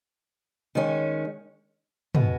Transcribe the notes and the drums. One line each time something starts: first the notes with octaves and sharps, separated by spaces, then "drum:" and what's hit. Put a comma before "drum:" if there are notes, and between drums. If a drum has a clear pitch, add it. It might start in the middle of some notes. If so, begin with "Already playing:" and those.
D#3 G#3 C#4
B2 G#3 B3, drum: tom